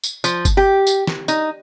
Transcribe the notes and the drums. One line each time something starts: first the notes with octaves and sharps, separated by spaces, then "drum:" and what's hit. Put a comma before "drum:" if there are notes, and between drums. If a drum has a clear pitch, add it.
drum: tambourine
F3, drum: tambourine
drum: kick G1, tambourine
G4
drum: tambourine
drum: snare
D#4, drum: tambourine